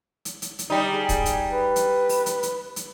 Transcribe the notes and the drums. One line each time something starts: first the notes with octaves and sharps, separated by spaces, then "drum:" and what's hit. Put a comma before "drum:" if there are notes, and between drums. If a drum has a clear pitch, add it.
drum: hi-hat
drum: hi-hat
drum: hi-hat
G3 D#4
G#4
drum: kick, hi-hat
drum: hi-hat
B4
drum: hi-hat
drum: open hi-hat
drum: hi-hat
drum: hi-hat
drum: hi-hat